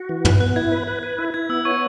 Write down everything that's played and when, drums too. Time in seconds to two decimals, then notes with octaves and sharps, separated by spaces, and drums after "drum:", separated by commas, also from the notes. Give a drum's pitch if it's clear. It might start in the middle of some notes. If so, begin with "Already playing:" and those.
Already playing: F#4
0.09 E3
0.25 B4, drum: tom
0.40 B3 F#6
0.56 E4 G#6
0.72 B4
0.87 B4
1.03 B4
1.18 E4
1.34 E4 G#6
1.49 B3 E6
1.65 C#5 C#6